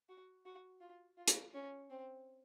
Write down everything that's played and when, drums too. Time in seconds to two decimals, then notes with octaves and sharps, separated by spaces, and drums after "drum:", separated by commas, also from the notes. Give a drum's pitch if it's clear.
0.09 F#4
0.46 F#4
0.81 F4
1.18 F4
1.28 drum: hi-hat
1.54 C#4
1.90 C4